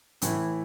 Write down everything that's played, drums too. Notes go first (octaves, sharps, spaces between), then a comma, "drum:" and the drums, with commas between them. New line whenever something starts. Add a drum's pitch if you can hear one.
A2 E3 A3 E4, drum: hi-hat